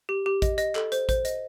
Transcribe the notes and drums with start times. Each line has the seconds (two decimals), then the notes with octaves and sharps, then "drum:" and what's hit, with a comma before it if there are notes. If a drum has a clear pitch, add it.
0.09 G4
0.26 G4
0.42 D#5, drum: kick A1, hi-hat
0.58 D#5, drum: hi-hat
0.75 A4, drum: clap
0.92 C5, drum: hi-hat
1.09 C5, drum: kick A1, hi-hat
1.25 D#5, drum: hi-hat